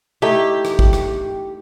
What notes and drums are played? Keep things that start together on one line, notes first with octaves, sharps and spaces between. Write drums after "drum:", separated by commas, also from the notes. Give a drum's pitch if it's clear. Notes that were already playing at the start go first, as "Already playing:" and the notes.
A3 D#4 E4 G4
drum: rim click
drum: kick
drum: rim click